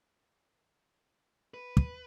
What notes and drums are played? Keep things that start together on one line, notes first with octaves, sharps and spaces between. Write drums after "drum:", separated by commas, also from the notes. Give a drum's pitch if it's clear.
B4
drum: kick